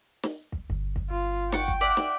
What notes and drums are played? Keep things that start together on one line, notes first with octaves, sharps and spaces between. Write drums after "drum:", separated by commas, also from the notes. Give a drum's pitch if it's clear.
drum: snare
drum: kick
G1, drum: kick
drum: kick
F4
F#5 G5 A5 C#6, drum: snare
drum: kick
D5 E5 F#5
drum: snare